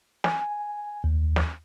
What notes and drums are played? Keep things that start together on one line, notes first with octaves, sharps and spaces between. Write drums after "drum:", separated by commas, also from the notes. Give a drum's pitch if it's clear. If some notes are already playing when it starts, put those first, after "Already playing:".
G#5, drum: snare
D#2
drum: snare